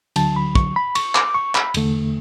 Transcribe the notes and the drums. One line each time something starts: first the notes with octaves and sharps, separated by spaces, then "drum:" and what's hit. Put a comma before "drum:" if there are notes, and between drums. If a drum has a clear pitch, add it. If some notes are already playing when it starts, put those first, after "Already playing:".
D2 D3 F#3 A5, drum: cymbal
B5
C#6, drum: kick
B5
C#6, drum: cymbal
D6, drum: clap
C#6
B5, drum: clap
E2 D3 A3, drum: cymbal